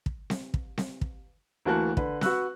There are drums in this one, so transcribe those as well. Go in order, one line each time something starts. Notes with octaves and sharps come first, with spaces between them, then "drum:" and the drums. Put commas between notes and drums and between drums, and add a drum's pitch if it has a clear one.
drum: kick
drum: snare C4
drum: kick
drum: snare C4
drum: kick
D2 E3 A#3 F#4 A5 F#6
D3 B4, drum: kick
F#4 B4 C#6 E6 F#6, drum: snare C4